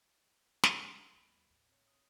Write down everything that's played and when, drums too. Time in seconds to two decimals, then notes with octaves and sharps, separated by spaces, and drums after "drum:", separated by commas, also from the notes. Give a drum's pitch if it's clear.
0.63 drum: snare
1.12 D#2 F#3 B5
1.49 A1 D#2
1.69 C4 C#5
1.88 D#6